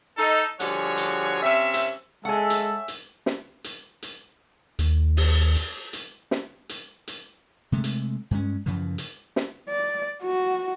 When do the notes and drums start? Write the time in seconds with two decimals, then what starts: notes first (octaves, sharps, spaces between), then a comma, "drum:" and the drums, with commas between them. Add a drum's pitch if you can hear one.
0.18 D#4 A4
0.60 D3 F3 G3 F#4 G#4 C#5, drum: hi-hat
0.98 drum: hi-hat
1.43 C3 C4 C#4 E5
1.74 drum: hi-hat
2.25 G#3 A4 C#5 E5 F#5 G#5
2.50 drum: hi-hat
2.88 drum: hi-hat
3.26 drum: snare
3.64 drum: hi-hat
4.03 drum: hi-hat
4.79 D#2, drum: hi-hat
5.17 drum: open hi-hat
5.55 drum: hi-hat
5.93 drum: hi-hat
6.31 drum: snare
6.69 drum: hi-hat
7.08 drum: hi-hat
7.72 C3 G#3 A3
7.84 drum: hi-hat
8.31 G2 G#3 C#4
8.66 F#2 C#3 E3 F3
8.98 drum: hi-hat
9.36 drum: snare
9.69 D5
10.23 F#4